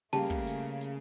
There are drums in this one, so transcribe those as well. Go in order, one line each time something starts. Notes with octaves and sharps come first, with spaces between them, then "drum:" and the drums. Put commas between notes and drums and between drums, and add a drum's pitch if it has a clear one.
C#3 G3 A3 A#3 G4 A5, drum: hi-hat
drum: kick
drum: hi-hat
drum: hi-hat